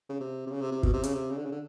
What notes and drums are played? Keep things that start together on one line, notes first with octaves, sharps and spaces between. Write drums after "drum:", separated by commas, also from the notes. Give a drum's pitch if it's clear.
C#3
C3
C3
C#3
C3
C3
B2, drum: kick
C3
C#3, drum: hi-hat
C3
C#3
D3
C#3
D3